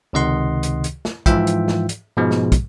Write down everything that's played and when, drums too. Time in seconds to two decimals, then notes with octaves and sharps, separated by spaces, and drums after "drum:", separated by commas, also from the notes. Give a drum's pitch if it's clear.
0.13 C#2 C3 D#3 D#5 F#5 C6
0.63 drum: hi-hat
0.84 drum: hi-hat
1.05 drum: snare
1.26 G#2 E3 F3 F4 E5 G5, drum: kick, hi-hat
1.47 drum: hi-hat
1.68 drum: snare
1.89 drum: hi-hat
2.17 G#2 B2 F3 G#3
2.31 drum: snare
2.52 drum: kick, hi-hat